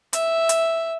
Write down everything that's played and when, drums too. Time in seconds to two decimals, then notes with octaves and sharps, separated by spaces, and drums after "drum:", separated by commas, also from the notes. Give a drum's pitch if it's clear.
0.13 E5, drum: hi-hat
0.49 drum: hi-hat